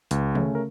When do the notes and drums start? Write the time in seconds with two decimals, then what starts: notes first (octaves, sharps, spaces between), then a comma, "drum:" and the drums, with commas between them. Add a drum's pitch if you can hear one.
0.11 C#2, drum: hi-hat
0.35 C#3 A3 C#4, drum: tom
0.55 A#4